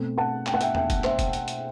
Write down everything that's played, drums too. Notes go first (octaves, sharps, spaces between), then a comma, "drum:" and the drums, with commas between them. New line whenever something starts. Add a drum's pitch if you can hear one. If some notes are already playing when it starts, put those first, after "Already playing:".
Already playing: B2 A3 C4
F#5 A5
G5, drum: clap
F#5
E5 G5, drum: hi-hat
E5 G5, drum: tom
drum: kick F1, hi-hat
C5 E5, drum: clap
drum: kick F1, hi-hat
drum: hi-hat
drum: hi-hat